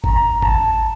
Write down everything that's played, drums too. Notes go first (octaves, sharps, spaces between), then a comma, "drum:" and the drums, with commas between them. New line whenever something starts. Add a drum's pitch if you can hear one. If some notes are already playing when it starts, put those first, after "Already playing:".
A#5, drum: kick
A5, drum: kick